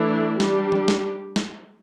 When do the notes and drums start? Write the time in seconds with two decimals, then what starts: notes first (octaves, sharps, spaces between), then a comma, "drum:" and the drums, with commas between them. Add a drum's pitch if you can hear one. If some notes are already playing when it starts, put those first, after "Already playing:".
Already playing: E3 A3 D4 E4
0.40 G3 D4 G4, drum: snare
0.72 drum: tom E3
0.88 drum: snare
1.36 drum: snare